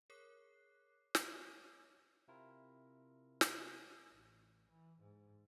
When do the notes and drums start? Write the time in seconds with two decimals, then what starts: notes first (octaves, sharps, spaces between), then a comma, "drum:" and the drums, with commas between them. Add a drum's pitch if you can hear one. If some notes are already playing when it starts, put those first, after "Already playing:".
0.10 G#4 A#4 C#5 D6 F#6 C7
1.15 drum: snare
1.26 C#5 D6 D#6 F6 G6
2.28 C3 C4 E4 F4 A#4
3.41 drum: snare
4.10 A1
4.69 E3
5.00 G#2